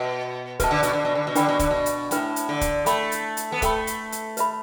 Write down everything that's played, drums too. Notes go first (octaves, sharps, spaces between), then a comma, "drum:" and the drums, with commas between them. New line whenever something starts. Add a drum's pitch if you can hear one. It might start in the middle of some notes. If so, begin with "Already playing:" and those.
Already playing: B2 B4 E5 A5
B2 B4 E5 A5, drum: kick, hi-hat
D3
B2, drum: hi-hat
D3
B2
D3
B2
D3 D4 B4 G5 B5, drum: hi-hat
B2
D3, drum: kick, hi-hat
B2
drum: hi-hat
A2 D4 B4 G5 B5, drum: hi-hat
drum: hi-hat
D3
drum: kick, hi-hat
A3 A4 G5 B5, drum: hi-hat
drum: hi-hat
drum: hi-hat
B3
A3 A4 G5 B5, drum: kick, hi-hat
drum: hi-hat
drum: hi-hat
B4 E5 B5, drum: hi-hat